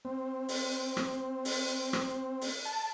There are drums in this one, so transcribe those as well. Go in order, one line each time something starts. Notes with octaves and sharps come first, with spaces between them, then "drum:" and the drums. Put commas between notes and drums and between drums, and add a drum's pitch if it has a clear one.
C4
drum: open hi-hat
drum: rim click
drum: open hi-hat
drum: rim click
drum: open hi-hat
A5